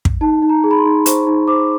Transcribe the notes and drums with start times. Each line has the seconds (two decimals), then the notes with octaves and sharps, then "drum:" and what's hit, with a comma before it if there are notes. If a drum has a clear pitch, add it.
0.05 drum: kick
0.21 D#4 A5
0.42 D#4
0.49 A#5
0.64 G#4
0.71 B5
0.78 C6
0.85 D#4
1.06 C5 C#6, drum: hi-hat
1.27 D#4
1.48 C5 D6